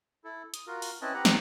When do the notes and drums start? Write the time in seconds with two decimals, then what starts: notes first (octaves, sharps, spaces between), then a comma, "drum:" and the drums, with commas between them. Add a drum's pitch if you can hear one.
0.24 E4 A4
0.54 D#6, drum: hi-hat
0.67 F4 F#4 A#4
0.82 drum: open hi-hat
1.02 C4 C#4 E4 B4 D#5 A5
1.14 C4 G4 B4 F#5 A#5
1.25 drum: snare